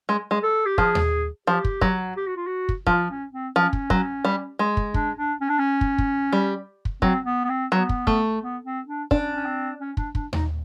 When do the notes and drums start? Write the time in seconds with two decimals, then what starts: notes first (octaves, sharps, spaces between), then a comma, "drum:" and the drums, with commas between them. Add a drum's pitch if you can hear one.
0.09 G#3
0.31 G#3
0.43 A4
0.66 G4
0.78 F3 G#4, drum: kick
0.95 drum: tom D#2
1.47 F3 G4
1.65 drum: kick
1.81 F#3, drum: kick
2.17 G4
2.27 F#4
2.37 F4
2.47 F#4
2.69 drum: kick
2.86 F3 F4, drum: kick
3.09 C#4
3.32 C4
3.56 F3 C#4
3.73 drum: kick
3.90 F#3, drum: kick
4.25 G3
4.59 G#3
4.77 drum: kick
4.94 D4, drum: kick
5.17 D4
5.41 C#4
5.49 D4
5.59 C#4
5.81 drum: kick
5.98 drum: kick
6.33 G3
6.85 drum: kick
7.02 F#3 C4, drum: kick
7.25 B3
7.44 B3
7.49 C4
7.72 F#3 B3
7.89 drum: kick
8.07 A3, drum: kick
8.41 B3
8.64 C4
8.87 D4
9.11 C#4 D4, drum: kick
9.35 C#4
9.46 C4
9.80 C#4
9.97 D4, drum: kick
10.15 D4, drum: kick
10.33 D#4, drum: tom D#2